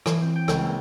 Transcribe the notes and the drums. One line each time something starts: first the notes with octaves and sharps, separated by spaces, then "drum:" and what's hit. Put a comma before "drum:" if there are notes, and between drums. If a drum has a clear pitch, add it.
E3, drum: rim click
C4
G5
C#2, drum: rim click
A#3